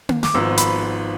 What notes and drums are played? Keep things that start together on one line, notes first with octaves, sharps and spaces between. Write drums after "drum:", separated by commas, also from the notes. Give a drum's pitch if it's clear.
drum: tom A#3
D6, drum: snare
G#1 G#2 F3 B3 E6
B5, drum: hi-hat